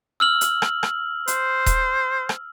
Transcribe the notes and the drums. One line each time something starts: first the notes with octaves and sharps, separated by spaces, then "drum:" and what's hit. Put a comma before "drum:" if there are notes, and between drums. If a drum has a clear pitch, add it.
E6 F6 F#7
drum: hi-hat
drum: rim click
drum: rim click
C5, drum: hi-hat
drum: kick D#1, hi-hat
drum: rim click